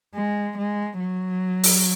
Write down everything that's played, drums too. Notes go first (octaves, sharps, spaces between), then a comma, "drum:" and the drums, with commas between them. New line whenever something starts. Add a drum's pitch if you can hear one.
G#3
G#3
F#3
drum: open hi-hat